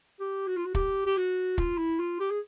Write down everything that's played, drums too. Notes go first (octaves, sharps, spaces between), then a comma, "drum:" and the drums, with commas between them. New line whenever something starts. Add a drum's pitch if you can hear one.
G4
F#4
F4
F#4
G4, drum: kick
G4
F#4
F4, drum: kick
E4
F4
G4
G#4